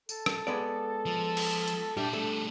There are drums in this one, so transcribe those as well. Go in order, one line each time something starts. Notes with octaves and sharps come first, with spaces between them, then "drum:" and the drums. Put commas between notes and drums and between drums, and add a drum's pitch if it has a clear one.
A4, drum: tambourine
drum: rim click
G#3 B3 D5
F3
drum: cymbal
drum: hi-hat
A#2 G3 D4 E5
G3 A3 D4 A4